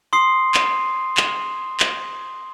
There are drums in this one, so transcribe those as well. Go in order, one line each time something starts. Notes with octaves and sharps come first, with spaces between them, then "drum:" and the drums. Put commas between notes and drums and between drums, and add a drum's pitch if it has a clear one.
C6 D#6 C7
drum: clap
drum: clap
drum: clap